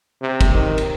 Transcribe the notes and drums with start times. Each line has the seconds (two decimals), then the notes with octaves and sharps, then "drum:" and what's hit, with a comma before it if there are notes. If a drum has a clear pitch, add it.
0.22 C3
0.41 drum: kick, cymbal
0.54 D#3
0.78 drum: cymbal